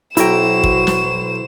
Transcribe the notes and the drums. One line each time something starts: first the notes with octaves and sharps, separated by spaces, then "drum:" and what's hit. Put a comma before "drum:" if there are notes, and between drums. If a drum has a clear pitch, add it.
B1 E4 F#4 C5 G5 A#5 E7, drum: hi-hat
drum: kick
drum: snare